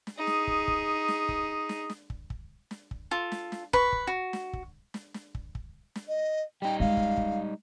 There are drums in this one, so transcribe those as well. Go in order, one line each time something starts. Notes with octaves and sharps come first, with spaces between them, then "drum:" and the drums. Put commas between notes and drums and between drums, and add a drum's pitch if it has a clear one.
drum: snare
D#4 G#4
drum: snare
drum: kick
drum: kick
drum: snare
drum: kick
drum: snare
drum: snare
drum: kick
drum: kick
drum: snare
drum: kick
F4 A4
drum: snare
drum: snare
B4 C#6, drum: kick
drum: kick
F#4
drum: snare
drum: kick
drum: snare
drum: snare
drum: kick
drum: kick
drum: snare
D#5
G3 D#4 G5
G#3 F5
drum: kick
drum: kick